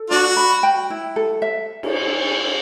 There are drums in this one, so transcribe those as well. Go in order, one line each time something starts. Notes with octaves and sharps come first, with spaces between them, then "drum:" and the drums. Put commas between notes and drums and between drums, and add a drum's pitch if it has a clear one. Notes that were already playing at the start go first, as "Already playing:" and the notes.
Already playing: A4
D4 F#4 D5
B5
G5
E4
A4
E5
drum: cymbal